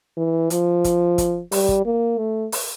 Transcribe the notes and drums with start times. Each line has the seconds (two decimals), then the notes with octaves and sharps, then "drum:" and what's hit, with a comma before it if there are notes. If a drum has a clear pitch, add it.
0.17 E3
0.50 F3, drum: hi-hat
0.84 drum: kick, hi-hat
1.18 drum: kick, hi-hat
1.52 G3, drum: open hi-hat
1.68 drum: kick
1.86 A#3
2.18 A3
2.52 drum: open hi-hat